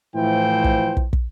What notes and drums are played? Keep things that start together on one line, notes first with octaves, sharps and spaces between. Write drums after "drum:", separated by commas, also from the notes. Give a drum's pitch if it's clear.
A2 E3 F3 E4 C5 G5
drum: kick
drum: kick
drum: kick